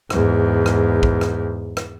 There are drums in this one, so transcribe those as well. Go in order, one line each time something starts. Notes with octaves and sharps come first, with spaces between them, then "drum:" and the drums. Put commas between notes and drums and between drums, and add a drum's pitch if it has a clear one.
E2 G#2, drum: rim click
drum: rim click
drum: kick
drum: rim click
drum: rim click